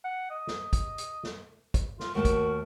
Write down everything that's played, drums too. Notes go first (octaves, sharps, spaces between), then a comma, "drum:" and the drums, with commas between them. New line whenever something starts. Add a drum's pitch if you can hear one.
F#5
D#5
drum: snare
drum: kick, hi-hat
drum: hi-hat
drum: snare
drum: kick, hi-hat
F4, drum: snare
D#2 A3 F#4 A#4 A5
drum: kick, hi-hat